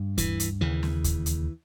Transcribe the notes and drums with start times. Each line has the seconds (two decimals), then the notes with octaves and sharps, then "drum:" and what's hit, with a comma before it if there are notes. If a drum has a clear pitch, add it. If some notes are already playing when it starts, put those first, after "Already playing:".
Already playing: G2
0.18 E3, drum: kick D2, hi-hat
0.40 drum: hi-hat
0.61 D#2 C#3 E3
0.83 drum: snare
1.04 drum: kick D2, hi-hat
1.26 drum: hi-hat